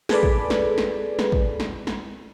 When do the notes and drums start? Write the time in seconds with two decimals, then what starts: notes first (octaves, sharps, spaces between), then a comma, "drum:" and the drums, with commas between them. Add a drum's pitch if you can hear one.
0.09 G#4 A4 B4 D5, drum: snare
0.23 drum: kick
0.50 drum: snare
0.78 drum: snare
1.19 drum: snare
1.32 drum: kick
1.60 drum: snare
1.87 drum: snare